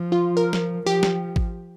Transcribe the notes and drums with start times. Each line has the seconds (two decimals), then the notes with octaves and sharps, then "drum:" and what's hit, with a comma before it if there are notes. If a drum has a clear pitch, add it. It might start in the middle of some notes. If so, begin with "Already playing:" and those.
Already playing: F3
0.12 F4
0.37 A#4
0.53 drum: snare
0.86 F3 G4
1.03 drum: snare
1.36 drum: kick G#1